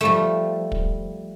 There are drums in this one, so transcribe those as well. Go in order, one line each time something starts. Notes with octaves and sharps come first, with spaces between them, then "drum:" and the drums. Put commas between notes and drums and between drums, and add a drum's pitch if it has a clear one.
F3 G3 A3
drum: kick